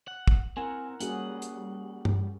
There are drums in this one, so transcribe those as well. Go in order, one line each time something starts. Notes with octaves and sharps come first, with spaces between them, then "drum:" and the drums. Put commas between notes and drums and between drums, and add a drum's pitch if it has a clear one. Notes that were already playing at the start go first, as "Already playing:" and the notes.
F#5
drum: kick
C4 E4 A#4 F#5 G#5
G3 A#3 C#4 F#4 G#4 F#5, drum: hi-hat
drum: hi-hat
drum: tom G2